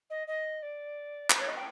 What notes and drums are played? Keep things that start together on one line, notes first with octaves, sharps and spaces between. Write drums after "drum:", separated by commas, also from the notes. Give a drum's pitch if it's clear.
D#5
D#5
D5
C5, drum: clap
C#5
D#5
G5